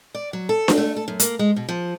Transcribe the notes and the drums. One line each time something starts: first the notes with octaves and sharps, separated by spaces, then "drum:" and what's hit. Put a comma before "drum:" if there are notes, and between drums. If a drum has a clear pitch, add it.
D5
F#3
A4
drum: snare D4
A3
A4
F#2
A#3, drum: hi-hat
G#3
B2
F3